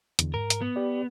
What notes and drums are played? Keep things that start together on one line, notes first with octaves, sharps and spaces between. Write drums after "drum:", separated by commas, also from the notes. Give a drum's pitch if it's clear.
E2 D3, drum: hi-hat
G#2 A#4
drum: hi-hat
B3
G4 D5